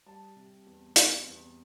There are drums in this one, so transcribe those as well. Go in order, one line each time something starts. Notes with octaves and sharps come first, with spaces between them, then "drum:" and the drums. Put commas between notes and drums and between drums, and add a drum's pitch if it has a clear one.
G3 A5
C3
E2
C3, drum: hi-hat
E2